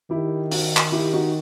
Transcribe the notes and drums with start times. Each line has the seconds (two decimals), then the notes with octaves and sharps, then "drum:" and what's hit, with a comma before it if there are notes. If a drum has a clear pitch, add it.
0.10 D#3 E4 G4
0.51 D#4 F#4, drum: open hi-hat
0.76 drum: clap
0.92 E4 G4
1.13 D#4 F#4